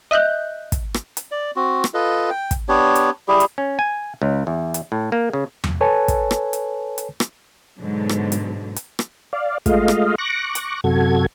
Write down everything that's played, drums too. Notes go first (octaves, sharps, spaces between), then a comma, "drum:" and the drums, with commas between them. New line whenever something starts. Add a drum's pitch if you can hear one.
D#5 E5 F#6 G6
drum: kick, hi-hat
drum: rim click
drum: hi-hat
D5
C4 F#4
drum: rim click
F4 A4 B4 D#5
G5
drum: kick, hi-hat
B3 D4 G4 C#5
drum: hi-hat
G3 E4 G4 G#4
drum: hi-hat
C#4
G#5
C#2
E2
drum: hi-hat
A2
A#3
C#3
drum: tom E2
A4 B4 C#5 G#5 A5
drum: kick, hi-hat
drum: rim click
drum: hi-hat
drum: hi-hat
drum: rim click
G#2 B2 D3 F#3
drum: rim click
drum: hi-hat
drum: hi-hat
drum: rim click
D5 F5
G#3 A3 F4 D#5 F5, drum: kick, hi-hat
drum: rim click
C#6 D6 F#6 A#6
drum: hi-hat
F#2 C3 F#4 A4 G#6